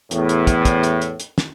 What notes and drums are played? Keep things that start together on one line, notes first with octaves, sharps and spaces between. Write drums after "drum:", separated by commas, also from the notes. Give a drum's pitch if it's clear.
E2 A2, drum: hi-hat
drum: hi-hat
drum: kick, hi-hat
drum: kick, hi-hat
drum: hi-hat
drum: hi-hat
drum: hi-hat
drum: snare